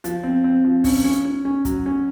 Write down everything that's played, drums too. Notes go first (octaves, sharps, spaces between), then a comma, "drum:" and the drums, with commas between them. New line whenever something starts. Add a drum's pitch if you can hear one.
F3, drum: hi-hat
C4
C4
F3
C#4, drum: kick, open hi-hat
C#4
C#4
C#4
F#3, drum: kick, hi-hat
C#4